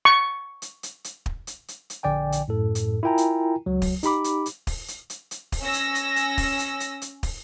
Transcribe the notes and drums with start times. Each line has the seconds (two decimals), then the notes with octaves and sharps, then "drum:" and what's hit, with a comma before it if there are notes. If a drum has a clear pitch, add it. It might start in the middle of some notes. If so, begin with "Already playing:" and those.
0.05 C#6
0.62 drum: hi-hat
0.83 drum: hi-hat
1.04 drum: hi-hat
1.26 drum: kick
1.47 drum: hi-hat
1.68 drum: hi-hat
1.90 drum: hi-hat
2.03 A#1 D3 D5 G5 G#5
2.32 drum: hi-hat
2.48 F#2 A2 A4
2.75 drum: hi-hat
3.03 E4 F4 A#4 G5 G#5 A#5
3.18 drum: hi-hat
3.66 C#2 F#3
3.82 drum: kick, open hi-hat
4.03 D#4 G4 B5 D6, drum: hi-hat
4.24 drum: hi-hat
4.46 drum: hi-hat
4.67 drum: kick, open hi-hat
4.88 drum: hi-hat
5.10 drum: hi-hat
5.31 drum: hi-hat
5.52 drum: kick, open hi-hat
5.62 C#4 E6 A#6
5.74 drum: hi-hat
5.95 drum: hi-hat
6.16 drum: hi-hat
6.38 drum: kick, open hi-hat
6.59 drum: hi-hat
6.80 drum: hi-hat
7.02 drum: hi-hat
7.23 drum: kick, open hi-hat